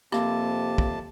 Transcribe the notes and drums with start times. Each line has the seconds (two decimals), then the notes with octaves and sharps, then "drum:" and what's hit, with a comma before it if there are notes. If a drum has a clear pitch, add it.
0.12 F2 C3 A#3 G4 A5, drum: rim click
0.78 drum: kick